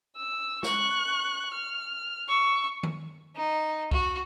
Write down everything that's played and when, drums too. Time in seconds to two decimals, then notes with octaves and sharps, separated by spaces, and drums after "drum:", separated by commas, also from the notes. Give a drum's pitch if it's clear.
0.16 E6
0.63 C#6 F#6, drum: snare
1.54 F6
2.29 C#6 E6
2.83 drum: tom D#3
3.35 D#4
3.91 F#4, drum: kick C2